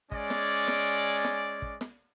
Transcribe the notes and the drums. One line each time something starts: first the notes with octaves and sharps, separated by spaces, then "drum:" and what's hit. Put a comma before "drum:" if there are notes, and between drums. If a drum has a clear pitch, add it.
G#3 C#4 D5, drum: kick
drum: snare
drum: snare
drum: snare
drum: kick
drum: snare